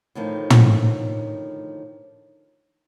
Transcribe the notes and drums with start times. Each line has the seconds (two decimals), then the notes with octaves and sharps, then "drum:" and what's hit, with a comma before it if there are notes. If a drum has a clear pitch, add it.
0.15 A2 D3 D#3 F3
0.50 drum: tom